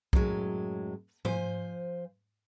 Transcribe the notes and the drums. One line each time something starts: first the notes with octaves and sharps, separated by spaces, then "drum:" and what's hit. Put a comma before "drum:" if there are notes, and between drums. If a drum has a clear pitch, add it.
F#2 A2 F#3 G#3, drum: kick B1
F3 C5 G#5, drum: tom G#2